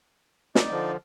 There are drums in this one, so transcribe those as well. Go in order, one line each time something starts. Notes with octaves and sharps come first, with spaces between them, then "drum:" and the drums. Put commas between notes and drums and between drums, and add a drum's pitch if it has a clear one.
D#4 D5, drum: snare
D3 F3